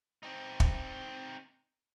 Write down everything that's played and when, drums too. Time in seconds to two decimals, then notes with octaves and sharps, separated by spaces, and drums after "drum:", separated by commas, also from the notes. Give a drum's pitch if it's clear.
0.23 C4 D#4
0.60 drum: kick